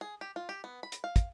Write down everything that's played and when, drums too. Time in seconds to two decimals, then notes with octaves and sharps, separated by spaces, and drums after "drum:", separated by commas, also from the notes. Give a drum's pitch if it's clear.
0.01 G#4
0.21 G4
0.36 F4
0.49 G4
0.64 B3
0.83 B5
0.92 drum: hi-hat
1.04 F5
1.16 drum: kick, hi-hat